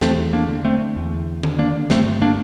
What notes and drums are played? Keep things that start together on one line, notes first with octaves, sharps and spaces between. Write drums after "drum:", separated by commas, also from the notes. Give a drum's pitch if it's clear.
E2 A3 C4, drum: snare
A#3 D4
D3
A3 C4
E2
D3, drum: tom D#3
A#3 D4
G2 A3 C4, drum: snare
A#3 D4